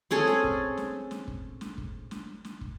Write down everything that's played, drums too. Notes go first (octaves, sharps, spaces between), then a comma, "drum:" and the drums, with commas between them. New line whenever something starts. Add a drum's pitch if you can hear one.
C4 C#4 G#4 A4
drum: snare
drum: kick
drum: snare
drum: snare
drum: kick
drum: snare
drum: kick
drum: snare
drum: snare
drum: kick